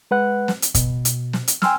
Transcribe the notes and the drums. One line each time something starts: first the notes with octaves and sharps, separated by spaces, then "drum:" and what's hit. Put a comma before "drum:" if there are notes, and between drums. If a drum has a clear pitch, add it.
G#3 B4 F#5 F#6
drum: snare
drum: hi-hat
B2, drum: kick, hi-hat
drum: hi-hat
drum: snare
drum: hi-hat
G5 G#5 C6 E6 F6, drum: snare